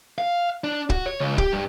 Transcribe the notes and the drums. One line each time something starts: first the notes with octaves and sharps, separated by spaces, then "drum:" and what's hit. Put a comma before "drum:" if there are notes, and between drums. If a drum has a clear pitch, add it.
F5
D4
F#4, drum: kick
C#5
C#2
G4, drum: kick
G2